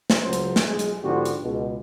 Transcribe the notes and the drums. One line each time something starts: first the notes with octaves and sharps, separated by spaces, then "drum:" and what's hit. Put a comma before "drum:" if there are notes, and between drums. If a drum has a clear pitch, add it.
drum: snare
C#2 C#3 F#3 C5
drum: hi-hat
drum: snare
B1 G#3
drum: hi-hat
G#2 D3 F3 B3 F#4 G4
drum: hi-hat
C#2 B2